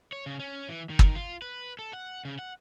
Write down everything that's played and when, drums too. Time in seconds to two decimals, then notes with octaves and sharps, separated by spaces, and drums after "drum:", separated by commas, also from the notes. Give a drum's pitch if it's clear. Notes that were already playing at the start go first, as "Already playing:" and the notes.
0.12 C#5
0.26 C#3
0.39 C#4
0.69 E3
0.90 D#3
0.99 drum: kick
1.15 F4
1.42 B4
1.79 A4
1.93 F#5
2.25 C#3
2.39 F#5